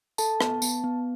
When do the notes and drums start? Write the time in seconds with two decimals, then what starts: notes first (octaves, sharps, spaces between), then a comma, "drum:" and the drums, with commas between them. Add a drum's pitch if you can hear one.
0.18 A4 A5, drum: tambourine
0.41 B3, drum: rim click
0.62 B3, drum: tambourine
0.84 B3